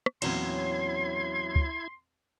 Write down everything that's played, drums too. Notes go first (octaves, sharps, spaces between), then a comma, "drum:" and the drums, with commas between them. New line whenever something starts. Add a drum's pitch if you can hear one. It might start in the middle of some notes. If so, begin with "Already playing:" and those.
drum: rim click
E2 A#2 F#3 C4 C#4 E4 C6 G#6, drum: cymbal
drum: kick